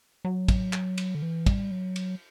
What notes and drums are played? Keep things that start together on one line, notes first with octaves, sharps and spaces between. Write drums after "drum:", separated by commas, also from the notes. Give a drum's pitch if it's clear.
F#3
drum: kick, cymbal
drum: clap
drum: cymbal
D3
E3
G3, drum: kick, cymbal
F#3
drum: cymbal